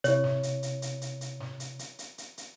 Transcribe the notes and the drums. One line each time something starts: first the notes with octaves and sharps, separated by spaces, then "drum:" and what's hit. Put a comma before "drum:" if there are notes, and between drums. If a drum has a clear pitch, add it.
C3 E4 C#5, drum: hi-hat
drum: snare
drum: hi-hat
drum: hi-hat
drum: hi-hat
drum: hi-hat
drum: hi-hat
drum: snare
drum: hi-hat
drum: hi-hat
drum: hi-hat
drum: hi-hat
drum: hi-hat